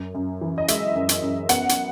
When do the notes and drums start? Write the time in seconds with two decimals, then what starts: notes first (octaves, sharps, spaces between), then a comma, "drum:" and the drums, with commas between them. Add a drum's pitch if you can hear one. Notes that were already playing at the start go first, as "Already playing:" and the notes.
Already playing: F#2
0.14 F#2
0.41 E3
0.58 D#5
0.68 G#3 E5, drum: hi-hat
0.95 F#2
1.09 drum: hi-hat
1.22 F#2
1.49 B3 F#5, drum: hi-hat
1.69 drum: hi-hat